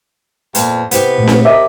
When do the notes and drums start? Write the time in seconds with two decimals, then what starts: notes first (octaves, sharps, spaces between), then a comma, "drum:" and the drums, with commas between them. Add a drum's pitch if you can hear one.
0.55 F2 A#2 B3, drum: hi-hat
0.91 C3 B3 E4 G4, drum: hi-hat
1.18 A#2 A3
1.27 drum: snare C4
1.45 G4 A#4 D#5 E5 D6